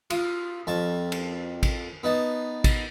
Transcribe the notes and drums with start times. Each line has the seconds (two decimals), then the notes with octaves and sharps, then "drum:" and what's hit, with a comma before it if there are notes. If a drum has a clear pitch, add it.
0.10 F4, drum: cymbal
0.67 F2 A5 C#6
1.12 drum: cymbal
1.63 drum: kick A1, cymbal
2.03 B3 D#4 A5
2.64 drum: kick A1, cymbal